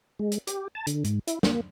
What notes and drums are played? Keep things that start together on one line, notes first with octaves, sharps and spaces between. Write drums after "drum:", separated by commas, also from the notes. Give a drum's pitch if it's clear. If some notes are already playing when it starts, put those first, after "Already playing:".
G#3
drum: hi-hat
G4, drum: hi-hat
A5
D3, drum: hi-hat
G#2, drum: hi-hat
E4, drum: hi-hat
A#3, drum: snare